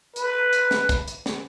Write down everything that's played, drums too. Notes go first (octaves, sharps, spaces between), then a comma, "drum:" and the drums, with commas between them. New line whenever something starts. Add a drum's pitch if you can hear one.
B4, drum: hi-hat
drum: hi-hat
drum: snare
drum: kick, hi-hat
drum: hi-hat
drum: snare